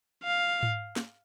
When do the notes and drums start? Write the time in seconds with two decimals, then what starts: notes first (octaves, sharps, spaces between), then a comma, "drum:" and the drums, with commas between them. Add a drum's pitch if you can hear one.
0.24 F5
0.63 drum: tom G#2
0.96 drum: snare